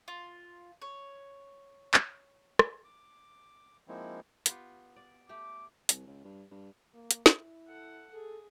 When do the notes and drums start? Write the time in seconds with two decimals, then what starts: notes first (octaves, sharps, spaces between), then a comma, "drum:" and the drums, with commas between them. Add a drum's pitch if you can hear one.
0.08 F4
0.82 C#5
1.94 drum: clap
2.59 drum: rim click
2.85 D6
3.88 F3 G#3 A#3 C4 D#4 E4
4.46 B3 F4 G4, drum: hi-hat
4.96 D5
5.29 A3 G4 D6
5.89 C2, drum: hi-hat
6.07 C#2
6.25 G2
6.51 G2
6.94 A#3
7.11 drum: hi-hat
7.26 E4, drum: snare
7.67 A4 F#5
8.13 G#4 A4